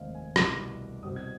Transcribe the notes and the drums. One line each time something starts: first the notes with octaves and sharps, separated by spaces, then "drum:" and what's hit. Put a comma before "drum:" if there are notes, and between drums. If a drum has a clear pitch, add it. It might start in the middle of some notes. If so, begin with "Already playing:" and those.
Already playing: F1 D#2 D#3 G#3 C4 D#5 F5
G#5
C2 B2 G3 D6, drum: rim click
C2 B2 G3 C4 D#6
G#6